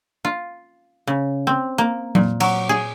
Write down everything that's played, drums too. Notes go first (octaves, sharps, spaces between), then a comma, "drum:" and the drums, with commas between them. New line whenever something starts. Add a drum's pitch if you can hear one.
F4
C#3
C4
A#3
A#2, drum: tom F#3
F#3, drum: cymbal
G#4